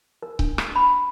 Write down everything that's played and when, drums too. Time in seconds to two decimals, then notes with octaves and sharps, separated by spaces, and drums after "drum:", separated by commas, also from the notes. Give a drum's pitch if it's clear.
0.22 A#4
0.39 D4, drum: kick C#1
0.58 drum: rim click
0.76 B5